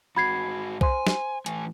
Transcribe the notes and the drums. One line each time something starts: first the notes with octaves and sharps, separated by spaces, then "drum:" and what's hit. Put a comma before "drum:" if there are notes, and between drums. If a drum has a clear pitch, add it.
G#2 F#4 B5 G#6 C7
C5 G#5 C6, drum: kick B1
drum: snare
A2 E3 G#5, drum: hi-hat